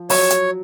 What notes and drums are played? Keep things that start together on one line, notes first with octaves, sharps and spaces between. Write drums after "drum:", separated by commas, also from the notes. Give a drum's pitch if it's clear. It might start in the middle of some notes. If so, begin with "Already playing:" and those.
Already playing: F3
F#3 C#5, drum: open hi-hat
drum: hi-hat